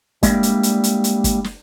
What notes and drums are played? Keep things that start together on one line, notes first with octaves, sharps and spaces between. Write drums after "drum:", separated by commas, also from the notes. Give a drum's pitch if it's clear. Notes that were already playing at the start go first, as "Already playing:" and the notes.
G3 G#3 A#3 D4 E4, drum: kick, hi-hat
drum: hi-hat
drum: hi-hat
drum: hi-hat
drum: hi-hat
drum: kick, hi-hat
drum: snare